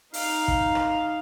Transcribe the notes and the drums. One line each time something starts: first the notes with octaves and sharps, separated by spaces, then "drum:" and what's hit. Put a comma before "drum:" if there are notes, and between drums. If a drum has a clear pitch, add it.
D#4 F5, drum: open hi-hat
drum: kick
drum: rim click